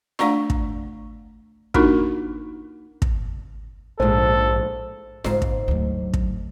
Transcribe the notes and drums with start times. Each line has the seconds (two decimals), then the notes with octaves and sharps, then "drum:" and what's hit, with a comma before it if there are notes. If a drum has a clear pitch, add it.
0.19 A3 D4 D5 F#5 A#5 C#6, drum: snare F4
0.50 drum: kick
1.74 A#3 D4 D#4 F4 F#4 A#4, drum: kick
3.02 drum: kick
4.00 A#1 G#2 A4 C5 G#5
5.24 G#2 C#3 B3 C5, drum: snare F4
5.42 drum: kick
5.68 D2 F#3
6.13 drum: kick